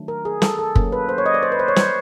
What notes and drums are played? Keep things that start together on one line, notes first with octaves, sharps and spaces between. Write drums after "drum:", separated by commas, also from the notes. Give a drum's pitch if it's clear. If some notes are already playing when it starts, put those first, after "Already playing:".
Already playing: D#3 F#3 A3 D4
A#4
G#4
A4, drum: snare
A4
F#3 A#3 C#4, drum: kick
B4
C5
C#5
D#5
D5
C5
B4
C5
C#5
C5, drum: snare